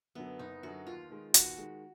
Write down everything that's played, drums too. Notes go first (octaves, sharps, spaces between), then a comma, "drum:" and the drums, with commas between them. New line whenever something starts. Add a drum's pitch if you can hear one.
F#2 D3 F#3 B3
F#1 D#4
F#2 D3 F#3 F#4
D#2 F4
D#3 G#3
D#2 F#4, drum: hi-hat
D#3 G#3